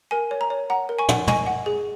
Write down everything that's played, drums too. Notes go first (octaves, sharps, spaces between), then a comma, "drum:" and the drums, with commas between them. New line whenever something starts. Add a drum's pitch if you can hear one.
A#4 G#5
C#5
A#5
C#5
F#5 A#5
A#4
G#5 C#6
F#5, drum: tom
D#5 G#5 C#6, drum: tom
F#5
G#4